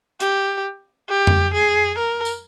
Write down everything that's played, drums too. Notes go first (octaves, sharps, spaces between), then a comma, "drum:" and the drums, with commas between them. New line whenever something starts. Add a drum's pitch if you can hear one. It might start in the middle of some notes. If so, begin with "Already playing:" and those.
G4, drum: hi-hat
G4
drum: tom F2
G#4
A#4
drum: tambourine